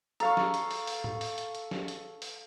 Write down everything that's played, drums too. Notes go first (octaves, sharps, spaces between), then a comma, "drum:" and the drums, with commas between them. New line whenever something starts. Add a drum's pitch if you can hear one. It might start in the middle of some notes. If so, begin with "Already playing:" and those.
A4 F5 A#5 C#6, drum: hi-hat
drum: snare
drum: hi-hat
drum: open hi-hat
drum: open hi-hat
drum: tom
drum: open hi-hat
drum: hi-hat
drum: hi-hat
drum: snare
drum: hi-hat
drum: open hi-hat